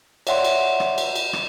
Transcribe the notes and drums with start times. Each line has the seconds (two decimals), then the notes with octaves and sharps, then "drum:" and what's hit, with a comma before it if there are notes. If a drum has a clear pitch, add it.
0.27 C#5 D5 E5 F#5 G5 C6, drum: cymbal
0.44 drum: cymbal
0.80 drum: rim click
0.98 drum: cymbal
1.16 drum: cymbal
1.33 drum: rim click